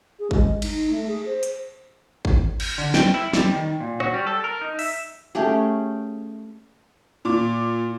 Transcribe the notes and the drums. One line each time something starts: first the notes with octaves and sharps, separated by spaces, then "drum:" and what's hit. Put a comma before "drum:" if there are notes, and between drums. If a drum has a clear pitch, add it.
G#4
G#3, drum: kick G#1
D#4, drum: cymbal
A3
G#4
C5
drum: hi-hat
drum: kick G#1
drum: cymbal
D3
G5, drum: snare
E4
G3, drum: snare
D#3
A#2
F#4, drum: rim click
G3
A4
A#4
D#4
E5, drum: open hi-hat
A3 C#4 G4 G#4
A#2 D6